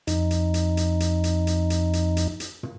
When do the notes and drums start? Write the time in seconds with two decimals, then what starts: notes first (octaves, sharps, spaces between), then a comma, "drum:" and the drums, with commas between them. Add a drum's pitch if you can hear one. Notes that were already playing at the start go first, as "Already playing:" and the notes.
0.07 F2 D#4, drum: hi-hat
0.31 drum: hi-hat
0.54 drum: hi-hat
0.77 drum: hi-hat
1.00 drum: hi-hat
1.24 drum: hi-hat
1.47 drum: hi-hat
1.70 drum: hi-hat
1.93 drum: hi-hat
2.17 drum: hi-hat
2.40 drum: hi-hat
2.63 drum: tom